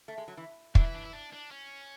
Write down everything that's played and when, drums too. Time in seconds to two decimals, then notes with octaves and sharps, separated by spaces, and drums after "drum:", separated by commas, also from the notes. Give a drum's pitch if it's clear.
0.08 A3
0.18 G#3
0.28 F#3
0.37 E3
0.75 E3 D4, drum: kick
0.85 E4
0.94 D4
1.03 E4
1.13 D4
1.33 D4
1.51 C#4